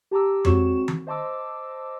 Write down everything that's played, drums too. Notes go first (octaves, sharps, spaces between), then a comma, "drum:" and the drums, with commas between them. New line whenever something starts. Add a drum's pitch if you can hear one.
G4 A5 A#5 D6 E6
G#3 C4 F#4 C#5 C#6 E7, drum: tom F2
drum: tom D#3
C5 D#5 A5 C6 D6 E6